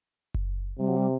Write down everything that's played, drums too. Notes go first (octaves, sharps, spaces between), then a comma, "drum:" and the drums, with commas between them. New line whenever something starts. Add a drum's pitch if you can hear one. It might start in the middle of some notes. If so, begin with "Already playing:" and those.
drum: kick F#1
C3 G3
F#3
G3